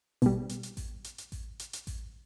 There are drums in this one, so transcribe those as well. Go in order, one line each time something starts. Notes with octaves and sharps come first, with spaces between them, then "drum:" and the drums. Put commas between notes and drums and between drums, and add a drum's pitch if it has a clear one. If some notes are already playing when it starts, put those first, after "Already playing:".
B2 G3, drum: kick A1, open hi-hat
drum: hi-hat
drum: hi-hat
drum: kick A1, open hi-hat
drum: hi-hat
drum: hi-hat
drum: kick A1, open hi-hat
drum: hi-hat
drum: hi-hat
drum: kick A1, open hi-hat